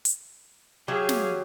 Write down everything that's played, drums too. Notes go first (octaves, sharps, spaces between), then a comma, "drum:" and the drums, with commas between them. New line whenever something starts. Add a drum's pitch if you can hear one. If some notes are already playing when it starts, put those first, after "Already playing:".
drum: hi-hat
F#3 G4 G#4 F5
drum: snare